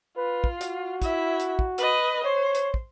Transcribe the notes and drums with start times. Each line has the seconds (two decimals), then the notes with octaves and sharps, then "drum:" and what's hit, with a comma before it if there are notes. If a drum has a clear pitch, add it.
0.17 F4 B4
0.44 drum: kick
0.61 F#4, drum: hi-hat
1.02 E4 E5, drum: kick, hi-hat
1.40 drum: hi-hat
1.59 drum: kick
1.78 B4 D#5, drum: hi-hat
2.24 C5 C#5
2.55 drum: hi-hat
2.74 drum: kick